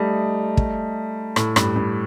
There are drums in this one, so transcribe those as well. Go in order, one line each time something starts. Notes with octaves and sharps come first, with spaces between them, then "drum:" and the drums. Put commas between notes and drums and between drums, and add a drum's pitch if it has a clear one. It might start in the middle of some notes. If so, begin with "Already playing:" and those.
Already playing: G3 A3 D#4
drum: kick
A2, drum: rim click
G2, drum: rim click
G2